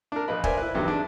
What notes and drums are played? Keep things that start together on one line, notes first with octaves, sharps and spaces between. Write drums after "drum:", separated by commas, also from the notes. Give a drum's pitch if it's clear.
D4 A#4
A#1 B4 D#5 B5
A#4 C5 D5 E5 G#5, drum: kick
E4 B4
E2 G2 D#3 F#3
G#3 D4